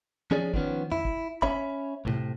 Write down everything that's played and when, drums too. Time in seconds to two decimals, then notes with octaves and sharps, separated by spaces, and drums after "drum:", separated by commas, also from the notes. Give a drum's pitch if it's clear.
0.31 F3 C#4 G#4 C#5 D5
0.54 D#3 F3 B3 C#4, drum: kick
0.92 E4, drum: tom F2
1.05 drum: kick
1.42 C#4 C#5 E5 B5, drum: kick
2.05 B1 A2 C3